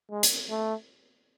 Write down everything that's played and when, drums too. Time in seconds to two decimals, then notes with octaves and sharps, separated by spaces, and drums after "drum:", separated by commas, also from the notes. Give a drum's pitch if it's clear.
0.11 G#3
0.23 drum: hi-hat
0.50 A3